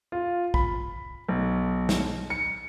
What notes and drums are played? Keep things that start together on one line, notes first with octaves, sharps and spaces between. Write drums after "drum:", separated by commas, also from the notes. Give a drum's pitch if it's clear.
F4
B5, drum: kick
B1
drum: snare
C#7